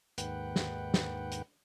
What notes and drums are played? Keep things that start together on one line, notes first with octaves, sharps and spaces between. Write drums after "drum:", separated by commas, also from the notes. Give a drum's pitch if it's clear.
D#2 G#2 B4 F#5 G5, drum: hi-hat
drum: snare
drum: snare
drum: hi-hat